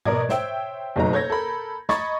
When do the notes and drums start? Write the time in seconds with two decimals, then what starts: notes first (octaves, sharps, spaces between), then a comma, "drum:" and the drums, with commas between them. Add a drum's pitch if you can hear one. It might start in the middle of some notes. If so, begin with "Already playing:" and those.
0.05 B2 A#4 D5 D#5 G#6, drum: tom G#2
0.29 C5 C#5 E5 G5 E6, drum: snare
0.96 F#1 B2 F#3 A3 D#4 A#5
1.12 A4 C#5 G6 G#6 A#6
1.30 A4 A#4 B5
1.89 D#5 A#5 B5 C#6 G#6 A6, drum: snare